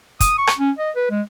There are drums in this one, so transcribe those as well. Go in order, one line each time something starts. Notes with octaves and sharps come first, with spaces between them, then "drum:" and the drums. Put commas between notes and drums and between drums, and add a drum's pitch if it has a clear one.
D#6, drum: kick, hi-hat
C#6
drum: rim click
C#4
D#5
B4
G#3